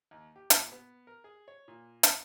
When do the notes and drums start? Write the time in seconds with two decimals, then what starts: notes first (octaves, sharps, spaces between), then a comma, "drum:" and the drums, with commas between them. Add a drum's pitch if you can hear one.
0.11 D#2
0.36 G4
0.50 A#2, drum: hi-hat
0.72 B3
1.07 A#4
1.24 G#4
1.48 C#5
1.68 A#2
2.03 drum: hi-hat